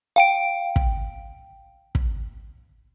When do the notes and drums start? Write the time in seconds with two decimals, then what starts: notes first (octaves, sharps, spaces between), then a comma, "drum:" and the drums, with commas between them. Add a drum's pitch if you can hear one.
0.16 F5 G5 D7
0.76 drum: kick
1.95 drum: kick